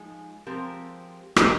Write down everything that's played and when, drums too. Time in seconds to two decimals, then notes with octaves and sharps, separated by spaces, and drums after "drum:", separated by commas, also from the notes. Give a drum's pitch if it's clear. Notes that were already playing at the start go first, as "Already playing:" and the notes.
Already playing: F3 G#3 D#4 G#4
0.47 F3 G#3 C4 G4 A#4
1.36 G3 A#3 D#4 G4 A#4, drum: rim click